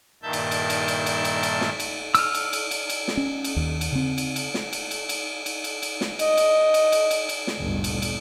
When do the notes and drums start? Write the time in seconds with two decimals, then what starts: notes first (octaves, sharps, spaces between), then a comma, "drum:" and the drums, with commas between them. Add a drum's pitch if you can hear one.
0.23 G2 A#2 D#3 E5 A5 G6
0.33 drum: cymbal
0.51 drum: cymbal
0.70 drum: cymbal
0.88 drum: cymbal
1.06 drum: cymbal
1.25 drum: cymbal
1.43 drum: cymbal
1.61 drum: snare
1.80 drum: cymbal
2.15 E6 F6, drum: cymbal
2.35 drum: cymbal
2.53 drum: cymbal
2.71 drum: cymbal
2.90 drum: cymbal
3.08 drum: snare
3.17 C#4
3.44 drum: cymbal
3.56 D#2
3.81 drum: cymbal
3.92 C#3 C4
4.18 drum: cymbal
4.36 drum: cymbal
4.54 drum: snare
4.73 drum: cymbal
4.91 drum: cymbal
5.09 drum: cymbal
5.46 drum: cymbal
5.64 drum: cymbal
5.83 drum: cymbal
6.01 drum: snare
6.19 D#5, drum: cymbal
6.37 drum: cymbal
6.74 drum: cymbal
6.92 drum: cymbal
7.11 drum: cymbal
7.29 drum: cymbal
7.47 drum: snare
7.60 G1 D2 A#2 C#3
7.84 drum: cymbal
8.02 drum: cymbal